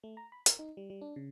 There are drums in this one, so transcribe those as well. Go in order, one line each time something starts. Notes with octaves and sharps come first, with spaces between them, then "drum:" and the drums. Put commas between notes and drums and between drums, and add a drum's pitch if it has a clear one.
A3
A#5
B5
A#4, drum: hi-hat
D#4
G3
G3
D4
C#3